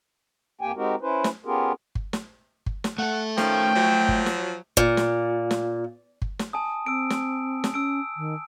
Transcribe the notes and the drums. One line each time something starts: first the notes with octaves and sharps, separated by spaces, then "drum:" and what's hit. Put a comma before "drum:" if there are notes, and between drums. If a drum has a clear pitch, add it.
F2 A#3 G4 G5 G#5
G#3 C4 D#4 F#4 G4 A#4
C#4 E4 B4 C5
drum: snare
B3 C#4 F4 G4 G#4 A#4
drum: kick G1
drum: snare
drum: kick G1
drum: snare
A3 A4 F#5
D#3 F3 C#4 G5, drum: snare
F3 F#3
drum: kick G1
drum: snare
A#2, drum: kick G1
drum: snare
drum: snare
drum: kick G1
drum: snare
G#5 A5 D#6
C4 E6 D7
drum: snare
drum: snare
C#4 E6 D7
D#3